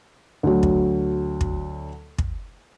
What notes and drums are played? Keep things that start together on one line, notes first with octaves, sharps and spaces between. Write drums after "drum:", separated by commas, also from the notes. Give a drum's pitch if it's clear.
D2 F#3
drum: kick
drum: kick
drum: kick